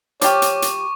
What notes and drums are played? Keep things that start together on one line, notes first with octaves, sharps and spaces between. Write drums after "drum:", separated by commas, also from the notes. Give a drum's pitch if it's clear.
F3 F4 G4 C#5 C#6 D6, drum: hi-hat
drum: hi-hat
drum: hi-hat